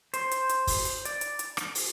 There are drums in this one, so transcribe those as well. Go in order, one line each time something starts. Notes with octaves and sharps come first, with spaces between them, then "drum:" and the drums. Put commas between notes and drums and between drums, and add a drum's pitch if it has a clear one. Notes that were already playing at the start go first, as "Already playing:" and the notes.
C5, drum: hi-hat
drum: hi-hat
drum: hi-hat
drum: kick, open hi-hat
drum: hi-hat
D5, drum: hi-hat
drum: hi-hat
drum: hi-hat
drum: rim click
drum: open hi-hat